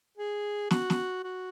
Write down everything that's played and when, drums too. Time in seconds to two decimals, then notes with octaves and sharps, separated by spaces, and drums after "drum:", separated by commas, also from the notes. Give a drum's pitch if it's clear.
0.17 G#4
0.71 F#4, drum: snare
0.90 drum: snare
1.24 F#4